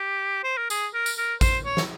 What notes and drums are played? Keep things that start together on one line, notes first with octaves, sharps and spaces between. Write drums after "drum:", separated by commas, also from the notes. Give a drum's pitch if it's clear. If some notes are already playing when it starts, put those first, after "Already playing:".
Already playing: G4
C5
A#4
G#4, drum: tambourine
A#4
drum: tambourine
A#4
C5, drum: kick A1, tambourine
C#5
drum: snare